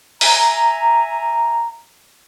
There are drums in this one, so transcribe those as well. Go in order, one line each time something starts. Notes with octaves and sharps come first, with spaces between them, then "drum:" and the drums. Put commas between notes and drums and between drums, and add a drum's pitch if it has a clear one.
E5 G#5 A#5, drum: open hi-hat